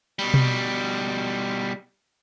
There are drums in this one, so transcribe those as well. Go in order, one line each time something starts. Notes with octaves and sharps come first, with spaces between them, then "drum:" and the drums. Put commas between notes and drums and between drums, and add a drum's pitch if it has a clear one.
B2 G3
drum: tom B2